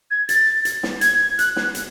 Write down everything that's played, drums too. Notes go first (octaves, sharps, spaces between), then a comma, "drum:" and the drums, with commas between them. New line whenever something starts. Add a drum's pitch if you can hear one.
G#6
A6, drum: hi-hat
drum: hi-hat
drum: snare
G#6, drum: hi-hat
F#6, drum: hi-hat
drum: snare
drum: hi-hat